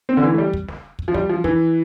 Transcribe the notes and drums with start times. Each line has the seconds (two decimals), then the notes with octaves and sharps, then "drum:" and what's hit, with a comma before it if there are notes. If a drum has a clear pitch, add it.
0.09 C4
0.17 D3
0.23 E3
0.34 A3
0.38 G3
0.53 drum: kick
0.69 drum: snare
0.99 drum: kick
1.08 F3
1.14 G3, drum: kick
1.29 F3
1.44 E3, drum: kick